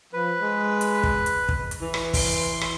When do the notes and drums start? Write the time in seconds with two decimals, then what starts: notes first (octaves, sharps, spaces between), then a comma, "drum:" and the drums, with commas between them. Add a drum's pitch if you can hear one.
0.13 F3 B4
0.41 G#3
0.81 drum: hi-hat
1.03 drum: kick
1.26 drum: hi-hat
1.49 drum: kick
1.71 drum: hi-hat
1.81 E3
1.94 drum: rim click
2.14 C6, drum: kick, open hi-hat
2.61 drum: rim click